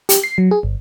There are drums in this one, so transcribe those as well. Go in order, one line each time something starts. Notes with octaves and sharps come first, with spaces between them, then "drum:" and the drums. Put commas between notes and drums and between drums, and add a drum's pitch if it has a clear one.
G4, drum: hi-hat
C7
F#3
G#4
G1